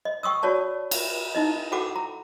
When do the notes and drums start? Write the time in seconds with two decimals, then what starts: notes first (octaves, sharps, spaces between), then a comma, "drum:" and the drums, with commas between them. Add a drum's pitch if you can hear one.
0.05 D#5
0.23 G5 C#6 D#6 E6
0.43 F#4 C#5 D5 A5
0.91 drum: cymbal
1.35 D#4 E4 D#5
1.72 F#4 A4 F#5 G5 D6
1.96 A#5